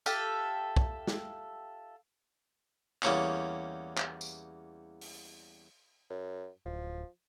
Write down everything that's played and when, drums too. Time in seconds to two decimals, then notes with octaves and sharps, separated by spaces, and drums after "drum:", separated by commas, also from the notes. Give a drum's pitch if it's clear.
0.06 F4 G4 A4 E5, drum: tambourine
0.76 drum: kick
1.07 drum: snare
3.03 E2 G3 A#3 C#4 C#6, drum: clap
3.98 drum: clap
4.21 drum: tambourine
5.01 drum: open hi-hat
6.10 F#2
6.66 D1 F3